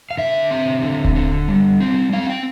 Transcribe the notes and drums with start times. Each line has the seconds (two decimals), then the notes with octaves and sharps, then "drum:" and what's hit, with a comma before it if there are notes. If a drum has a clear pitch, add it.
0.11 F5
0.18 D3 E5
0.51 C4
0.82 D3
1.05 drum: kick D#1
1.15 D3
1.48 G3
1.80 C4
2.12 C4 F5
2.30 G5